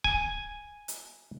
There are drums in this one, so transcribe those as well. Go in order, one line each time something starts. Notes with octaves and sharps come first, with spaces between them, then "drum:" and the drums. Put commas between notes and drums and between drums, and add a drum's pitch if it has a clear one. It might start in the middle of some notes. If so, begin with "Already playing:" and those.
G#5, drum: kick C#1
drum: hi-hat